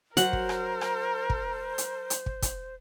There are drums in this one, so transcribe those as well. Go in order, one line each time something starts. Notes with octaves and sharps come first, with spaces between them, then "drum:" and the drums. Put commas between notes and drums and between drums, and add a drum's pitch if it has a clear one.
F#3 A#4 C5 F#5, drum: hi-hat
drum: kick
drum: rim click
drum: rim click
drum: kick
drum: hi-hat
drum: hi-hat
drum: kick
drum: kick, hi-hat